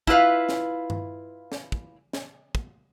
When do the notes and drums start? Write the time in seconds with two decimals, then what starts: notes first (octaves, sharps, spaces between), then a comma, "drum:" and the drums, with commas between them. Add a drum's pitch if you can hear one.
0.07 E4 F4 B4 F5, drum: kick
0.49 drum: snare
0.90 drum: tom G2
1.52 drum: snare
1.72 drum: kick
2.13 drum: snare
2.55 drum: kick